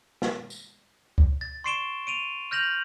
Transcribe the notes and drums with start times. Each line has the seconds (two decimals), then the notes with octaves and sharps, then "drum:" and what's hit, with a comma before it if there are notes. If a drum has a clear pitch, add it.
0.22 drum: snare
0.50 drum: tambourine
1.18 drum: kick C#2
1.41 A6
1.64 C6 C#6 C7 D7 E7 G7
2.07 D7 D#7 F7
2.51 F6 G6 A#6 F7 F#7